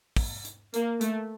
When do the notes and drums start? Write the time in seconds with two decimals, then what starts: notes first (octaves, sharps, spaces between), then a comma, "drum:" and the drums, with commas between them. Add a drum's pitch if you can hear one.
0.16 drum: kick, open hi-hat
0.45 drum: hi-hat
0.74 A#3, drum: hi-hat
1.01 A3, drum: hi-hat